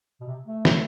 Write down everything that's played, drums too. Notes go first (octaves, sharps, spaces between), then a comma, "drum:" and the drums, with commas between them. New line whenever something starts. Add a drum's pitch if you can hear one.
B2
C3
A3
drum: snare